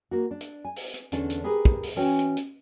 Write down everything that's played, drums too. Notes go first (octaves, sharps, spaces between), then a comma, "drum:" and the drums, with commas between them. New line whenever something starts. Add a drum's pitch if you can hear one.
A#3 F#4
D4
drum: hi-hat
G#5
drum: open hi-hat
drum: hi-hat
E2 D3 C#4 D4 A4, drum: hi-hat
drum: hi-hat
G4 G#4 A#4 B4
drum: kick
drum: open hi-hat
E3 C#4 F#4 C#5 G5 G#5
drum: hi-hat
drum: hi-hat